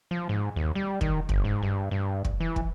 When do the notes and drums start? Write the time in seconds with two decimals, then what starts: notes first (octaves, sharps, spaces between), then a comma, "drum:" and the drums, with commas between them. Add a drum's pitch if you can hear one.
0.11 F3
0.29 G#2
0.56 D#2
0.75 G3
1.01 D#3, drum: kick
1.29 G1, drum: kick
1.45 G#2
1.63 G2
1.91 G2
2.25 drum: kick
2.40 E3
2.56 drum: kick